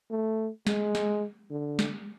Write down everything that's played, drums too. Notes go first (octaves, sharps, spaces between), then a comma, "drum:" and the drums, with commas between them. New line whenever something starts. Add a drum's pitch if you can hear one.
A3
G#3, drum: snare
drum: snare
D3
drum: snare